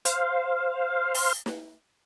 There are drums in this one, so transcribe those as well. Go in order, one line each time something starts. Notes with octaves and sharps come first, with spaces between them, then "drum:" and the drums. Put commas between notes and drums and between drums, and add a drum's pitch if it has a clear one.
C5 F5, drum: hi-hat
drum: open hi-hat
drum: snare